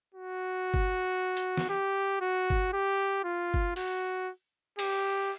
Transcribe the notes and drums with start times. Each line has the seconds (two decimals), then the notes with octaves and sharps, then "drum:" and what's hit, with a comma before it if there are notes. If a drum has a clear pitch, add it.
0.15 F#4
0.74 drum: kick G1
1.37 drum: hi-hat
1.57 drum: snare
1.69 G4
2.21 F#4
2.50 drum: kick G1
2.73 G4
3.24 F4
3.54 drum: kick G1
3.76 F#4, drum: open hi-hat
4.79 G4, drum: cymbal